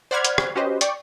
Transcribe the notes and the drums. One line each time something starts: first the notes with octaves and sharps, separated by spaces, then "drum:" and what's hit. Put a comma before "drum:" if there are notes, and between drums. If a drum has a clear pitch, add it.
C5 D5 F#5 B5 F6 G#6
drum: hi-hat
drum: rim click
C#4 F#4 G4 B4 C5 D#5
D5 G5 C#6, drum: hi-hat